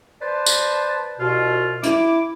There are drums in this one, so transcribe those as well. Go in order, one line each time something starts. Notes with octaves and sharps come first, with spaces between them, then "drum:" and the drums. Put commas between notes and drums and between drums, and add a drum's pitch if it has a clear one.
B4 C5 D5 A5
drum: tambourine
C2 B2 F4
E4 D6, drum: hi-hat